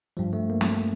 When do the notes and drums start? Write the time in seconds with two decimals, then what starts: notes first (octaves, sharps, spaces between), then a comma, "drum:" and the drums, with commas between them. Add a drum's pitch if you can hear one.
0.17 G2 F3 G3
0.33 A3
0.50 A#3
0.61 drum: snare